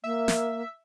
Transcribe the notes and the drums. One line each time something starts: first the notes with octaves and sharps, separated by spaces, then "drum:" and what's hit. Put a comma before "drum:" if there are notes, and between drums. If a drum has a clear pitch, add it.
A#3 E5
drum: snare